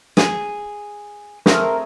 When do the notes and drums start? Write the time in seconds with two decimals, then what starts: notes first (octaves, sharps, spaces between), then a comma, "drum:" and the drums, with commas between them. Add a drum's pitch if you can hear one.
0.17 G#4, drum: snare
1.46 A3 C4 G#4 A#4, drum: snare